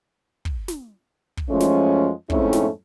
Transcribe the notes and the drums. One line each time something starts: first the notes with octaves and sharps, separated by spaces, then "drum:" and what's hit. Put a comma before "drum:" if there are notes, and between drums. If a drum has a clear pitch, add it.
drum: kick
drum: snare
drum: kick
F#2 F3 G#3 A3 C#4
drum: snare
F2 G#2 A3 C4 C#4 E4, drum: kick
drum: snare